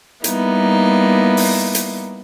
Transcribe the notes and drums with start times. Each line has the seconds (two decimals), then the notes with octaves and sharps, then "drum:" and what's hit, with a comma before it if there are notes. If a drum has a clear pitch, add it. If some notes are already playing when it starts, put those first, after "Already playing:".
0.24 G3 A#3 B3 D#4 E4, drum: hi-hat
1.37 drum: open hi-hat
1.75 drum: hi-hat